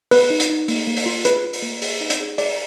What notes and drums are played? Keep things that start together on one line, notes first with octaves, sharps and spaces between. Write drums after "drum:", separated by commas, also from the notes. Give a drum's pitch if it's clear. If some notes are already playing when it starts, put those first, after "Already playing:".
B3 B4, drum: open hi-hat
D#4
drum: hi-hat
D#4
A#3, drum: open hi-hat
A#3
drum: open hi-hat
F4
G#4 B4, drum: hi-hat
F4
drum: open hi-hat
A#3
G#4, drum: open hi-hat
D#4
drum: hi-hat
G#4
G#4 D5, drum: open hi-hat